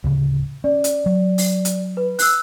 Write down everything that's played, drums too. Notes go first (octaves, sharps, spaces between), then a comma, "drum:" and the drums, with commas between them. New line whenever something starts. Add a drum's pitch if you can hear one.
D1 C#3
C#4 D5
drum: hi-hat
F#3
drum: open hi-hat
drum: hi-hat
B4
E6 F#6, drum: open hi-hat